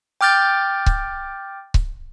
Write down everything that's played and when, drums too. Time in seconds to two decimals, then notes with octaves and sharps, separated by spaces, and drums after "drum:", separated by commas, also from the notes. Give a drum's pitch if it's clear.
0.21 G5 D6 F6 G6 A6
0.86 drum: kick C#1
1.74 drum: kick C#1